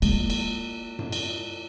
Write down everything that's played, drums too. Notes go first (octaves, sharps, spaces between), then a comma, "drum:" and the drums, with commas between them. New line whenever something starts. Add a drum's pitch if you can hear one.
G#3 A#3, drum: cymbal
drum: cymbal
drum: tom F#2
drum: cymbal